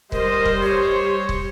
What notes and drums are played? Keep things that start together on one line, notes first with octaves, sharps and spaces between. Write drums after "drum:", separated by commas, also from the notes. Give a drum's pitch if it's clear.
G3 A#4 C5 D#5, drum: kick
drum: kick
G4 C#5
drum: kick